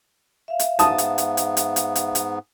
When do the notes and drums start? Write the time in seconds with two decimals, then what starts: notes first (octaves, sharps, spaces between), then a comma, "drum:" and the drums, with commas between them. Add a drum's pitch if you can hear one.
0.48 E5 F5
0.59 drum: hi-hat
0.79 G#2 B3 A5 D#6, drum: hi-hat
0.98 drum: hi-hat
1.18 drum: hi-hat
1.37 drum: hi-hat
1.57 drum: hi-hat
1.76 drum: hi-hat
1.95 drum: hi-hat
2.15 drum: hi-hat